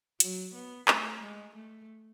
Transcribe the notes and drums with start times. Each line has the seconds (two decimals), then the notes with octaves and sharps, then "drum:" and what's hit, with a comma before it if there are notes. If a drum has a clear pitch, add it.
0.20 F#3, drum: hi-hat
0.54 B3
0.88 A3, drum: clap
1.21 G#3
1.55 A3